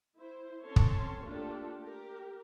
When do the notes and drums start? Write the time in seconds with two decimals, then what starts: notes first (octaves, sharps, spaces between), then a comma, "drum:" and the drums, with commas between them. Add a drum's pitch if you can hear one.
0.17 E4 C5
0.64 C4 C#4 A4 C#5 A5 C6
0.76 drum: kick
1.25 A3 A#3 D4 F4 G4 A4
1.79 G4 A#4